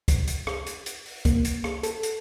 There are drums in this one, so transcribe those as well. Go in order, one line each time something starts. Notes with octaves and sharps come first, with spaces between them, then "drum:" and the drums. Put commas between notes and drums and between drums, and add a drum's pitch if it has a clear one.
drum: kick, hi-hat
drum: hi-hat
drum: rim click
drum: hi-hat
drum: hi-hat
drum: open hi-hat
A#3, drum: kick, hi-hat
drum: hi-hat
drum: rim click
A4, drum: hi-hat
drum: hi-hat